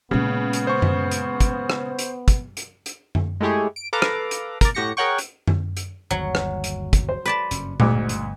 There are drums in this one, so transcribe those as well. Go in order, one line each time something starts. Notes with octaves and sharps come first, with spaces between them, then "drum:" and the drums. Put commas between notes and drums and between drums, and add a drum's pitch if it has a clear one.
A#2 C#3 G#3 B3
drum: hi-hat
C5 C#6
drum: tom F#2
drum: hi-hat
drum: kick, hi-hat
drum: rim click
drum: hi-hat
drum: kick, hi-hat
drum: hi-hat
drum: hi-hat
drum: tom F#2
G#3 A3 E4 G4 G#4 C#5
D7
A4 B4 F5 A#5 D6
drum: rim click
drum: hi-hat
A#4 D5, drum: kick, hi-hat
A2 F#4 G4 A#6 C#7
G#4 A#4 C#5 F#5 G5 C#6
drum: hi-hat
drum: tom F#2
drum: hi-hat
G1 D#2 F#3 G3 F#5
drum: rim click
drum: hi-hat
drum: kick, hi-hat
C5
B4 D5 A5
F#1 G2 C#4, drum: hi-hat
G1 D2 G#2 B2 D6, drum: tom A#2
drum: hi-hat